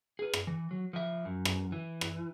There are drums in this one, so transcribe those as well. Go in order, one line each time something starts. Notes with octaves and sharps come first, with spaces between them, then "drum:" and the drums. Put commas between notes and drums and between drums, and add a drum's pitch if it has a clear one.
G#4 B4
drum: rim click
E3
F#3
F3 E5
F#2
drum: rim click
E3
drum: rim click